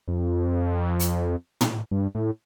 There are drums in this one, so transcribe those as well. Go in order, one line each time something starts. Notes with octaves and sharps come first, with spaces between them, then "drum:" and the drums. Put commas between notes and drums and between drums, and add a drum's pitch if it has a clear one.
F2
drum: hi-hat
drum: tom
G2
A2